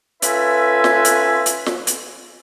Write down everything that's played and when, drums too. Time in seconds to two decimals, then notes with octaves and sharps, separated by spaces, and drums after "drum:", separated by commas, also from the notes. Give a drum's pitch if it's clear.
0.22 C#4 F4 A4 B4 E5 G#5, drum: hi-hat
0.84 drum: snare
1.05 drum: hi-hat
1.46 drum: hi-hat
1.66 drum: snare
1.87 drum: hi-hat